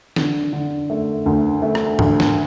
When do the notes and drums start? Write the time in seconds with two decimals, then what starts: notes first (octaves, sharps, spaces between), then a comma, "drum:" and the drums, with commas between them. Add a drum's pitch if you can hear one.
0.16 D3, drum: snare
0.53 D3
0.90 A3
1.26 D2
1.62 A3
1.75 drum: rim click
1.99 D2, drum: tom G#2
2.20 drum: snare